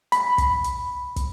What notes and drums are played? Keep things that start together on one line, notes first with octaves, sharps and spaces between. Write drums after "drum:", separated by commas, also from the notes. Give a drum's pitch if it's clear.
B5, drum: hi-hat
drum: kick, hi-hat
drum: hi-hat
drum: kick, hi-hat